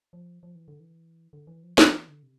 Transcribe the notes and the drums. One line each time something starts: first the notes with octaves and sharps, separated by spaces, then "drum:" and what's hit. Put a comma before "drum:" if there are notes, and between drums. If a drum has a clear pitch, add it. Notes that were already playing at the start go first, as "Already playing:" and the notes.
F3
F3
E3
D3
E3
D3
E3
F3
F3, drum: snare
E3
D3
C3